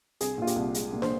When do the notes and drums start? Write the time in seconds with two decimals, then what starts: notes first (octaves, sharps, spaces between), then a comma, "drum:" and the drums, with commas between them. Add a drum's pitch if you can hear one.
0.20 C2 G#4, drum: hi-hat
0.38 A#2 F4
0.47 G4, drum: hi-hat
0.56 C2
0.74 G#3, drum: hi-hat
0.93 A#2
1.02 C5, drum: snare